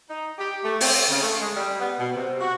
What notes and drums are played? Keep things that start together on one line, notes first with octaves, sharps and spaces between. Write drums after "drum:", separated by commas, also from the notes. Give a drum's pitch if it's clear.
D#4
G4
A3
C4, drum: open hi-hat
C#3
A3
G#3
G3
B3
B2
C3
F#4